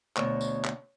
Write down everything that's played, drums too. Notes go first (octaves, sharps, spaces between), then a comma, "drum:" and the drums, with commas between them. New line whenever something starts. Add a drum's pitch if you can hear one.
D2 B2 C#5 C#6, drum: clap
drum: tambourine
drum: clap